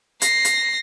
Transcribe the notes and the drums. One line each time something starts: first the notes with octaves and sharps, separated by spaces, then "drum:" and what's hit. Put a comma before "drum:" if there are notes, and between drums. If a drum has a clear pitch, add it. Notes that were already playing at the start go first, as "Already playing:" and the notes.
A#6 C7, drum: hi-hat
drum: hi-hat